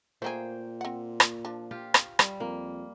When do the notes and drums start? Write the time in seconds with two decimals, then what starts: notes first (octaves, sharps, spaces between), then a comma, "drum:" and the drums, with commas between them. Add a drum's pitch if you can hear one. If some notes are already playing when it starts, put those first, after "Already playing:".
0.22 A#2 A3 A#3 G#4 C5 G5
0.81 C4 F#5
1.20 drum: rim click
1.45 F3 D4
1.71 F4 G4
1.94 drum: rim click
2.19 G3, drum: rim click
2.40 F2 A#3